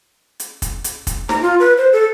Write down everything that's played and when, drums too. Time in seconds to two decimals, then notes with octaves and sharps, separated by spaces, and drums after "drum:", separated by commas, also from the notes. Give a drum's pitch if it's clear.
0.40 drum: hi-hat
0.62 drum: kick, hi-hat
0.84 drum: hi-hat
1.07 drum: kick, hi-hat
1.29 A#5, drum: snare
1.42 F4
1.60 B4
1.77 C5
1.93 A4